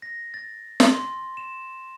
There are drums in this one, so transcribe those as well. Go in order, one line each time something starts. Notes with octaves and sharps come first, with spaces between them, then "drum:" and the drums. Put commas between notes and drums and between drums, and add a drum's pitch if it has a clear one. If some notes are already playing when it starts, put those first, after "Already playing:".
A#6
A6
drum: snare
C6
E7